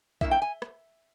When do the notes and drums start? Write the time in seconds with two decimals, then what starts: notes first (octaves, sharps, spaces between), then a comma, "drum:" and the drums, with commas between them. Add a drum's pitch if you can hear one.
0.21 G2 D#3 A#3 E4 E5, drum: kick A#1
0.31 G5
0.42 G#5
0.62 drum: rim click